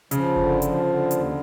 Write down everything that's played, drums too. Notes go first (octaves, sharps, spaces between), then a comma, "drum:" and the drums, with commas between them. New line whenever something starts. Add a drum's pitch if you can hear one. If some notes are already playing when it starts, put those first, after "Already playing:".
C#3 F3, drum: hi-hat
D3, drum: kick G1
F3, drum: hi-hat
D3
D#2, drum: hi-hat